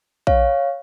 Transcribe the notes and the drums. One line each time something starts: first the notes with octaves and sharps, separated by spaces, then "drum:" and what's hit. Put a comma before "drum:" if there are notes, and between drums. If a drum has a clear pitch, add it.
C#5 F5, drum: kick A#1